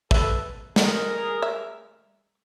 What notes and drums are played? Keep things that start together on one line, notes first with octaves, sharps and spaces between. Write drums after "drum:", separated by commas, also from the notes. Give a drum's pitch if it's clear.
A4 B4 E5, drum: kick
G#4 A#4, drum: snare
E5